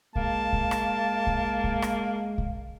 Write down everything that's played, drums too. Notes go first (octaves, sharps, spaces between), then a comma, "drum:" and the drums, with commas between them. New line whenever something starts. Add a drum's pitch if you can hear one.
G#3 A#3 F5 A5, drum: kick B1
drum: kick B1
drum: rim click
drum: kick B1
drum: kick B1
drum: rim click
drum: kick B1